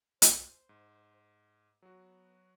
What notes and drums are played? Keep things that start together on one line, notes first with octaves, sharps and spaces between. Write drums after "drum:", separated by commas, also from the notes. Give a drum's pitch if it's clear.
C5, drum: hi-hat
G#2
F#3 B3 F#4